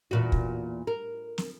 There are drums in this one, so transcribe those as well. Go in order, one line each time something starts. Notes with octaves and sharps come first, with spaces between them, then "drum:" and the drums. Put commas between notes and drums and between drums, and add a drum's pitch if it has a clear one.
E2 A#2 F#4
drum: kick
A#4
drum: snare